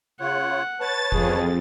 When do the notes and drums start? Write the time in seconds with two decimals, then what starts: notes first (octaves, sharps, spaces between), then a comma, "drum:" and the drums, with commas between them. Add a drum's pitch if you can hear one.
0.20 C#3 F4 C#5 F#5
0.80 B4 C#5 A5 A6
1.12 F2 G#4, drum: kick F1